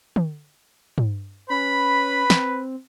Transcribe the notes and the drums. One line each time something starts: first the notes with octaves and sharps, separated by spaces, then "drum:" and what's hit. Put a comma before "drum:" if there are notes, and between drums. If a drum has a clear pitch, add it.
drum: tom
drum: tom
C#4 B4 B5
C4, drum: snare